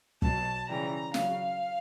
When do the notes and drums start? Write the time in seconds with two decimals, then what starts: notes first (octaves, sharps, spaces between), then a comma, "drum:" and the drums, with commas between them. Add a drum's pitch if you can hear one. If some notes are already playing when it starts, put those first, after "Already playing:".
0.22 B2 F#3 A5, drum: kick
0.68 C#3 E3 G3 A#5
1.14 C#3 F#3 F5, drum: snare